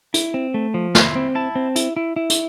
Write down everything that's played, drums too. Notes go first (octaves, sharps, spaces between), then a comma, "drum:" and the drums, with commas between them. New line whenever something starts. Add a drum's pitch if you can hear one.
E4, drum: hi-hat
C4
A3
F3
E4 C6, drum: snare
C4
E4 A5
C4
E4, drum: hi-hat
E4
E4
drum: hi-hat